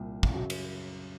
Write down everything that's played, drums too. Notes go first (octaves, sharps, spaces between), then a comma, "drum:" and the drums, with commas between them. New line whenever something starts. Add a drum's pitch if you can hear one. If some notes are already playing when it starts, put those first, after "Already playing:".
Already playing: C2 A#2 G3
drum: kick
F#2 C#3 F#3
drum: cymbal